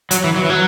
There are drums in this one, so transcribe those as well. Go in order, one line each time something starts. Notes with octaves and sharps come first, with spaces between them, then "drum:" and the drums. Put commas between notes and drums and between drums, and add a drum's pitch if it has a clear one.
F#3, drum: hi-hat
E3
F#3
E3
F#3